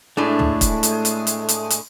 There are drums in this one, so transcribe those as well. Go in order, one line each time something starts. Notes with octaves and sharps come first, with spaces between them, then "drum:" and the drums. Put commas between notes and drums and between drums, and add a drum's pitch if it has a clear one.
A2 G#3 A3 D4
drum: tom
drum: kick, hi-hat
drum: hi-hat
drum: hi-hat
drum: hi-hat
drum: hi-hat
drum: hi-hat